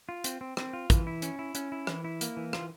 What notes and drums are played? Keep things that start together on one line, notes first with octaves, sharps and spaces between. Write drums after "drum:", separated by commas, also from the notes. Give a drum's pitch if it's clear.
F4
C4, drum: hi-hat
C4
C4, drum: rim click
F4
E3, drum: kick, hi-hat
E4
C#4, drum: hi-hat
E4
C#4, drum: hi-hat
E4
E3, drum: rim click
E4
A#3, drum: hi-hat
E3
F4, drum: rim click